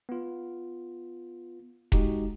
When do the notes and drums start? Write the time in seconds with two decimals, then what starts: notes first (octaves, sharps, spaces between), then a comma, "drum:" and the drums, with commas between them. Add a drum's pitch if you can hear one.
0.09 B3 F4
1.92 G#3 D#4 F#4 G4, drum: kick E1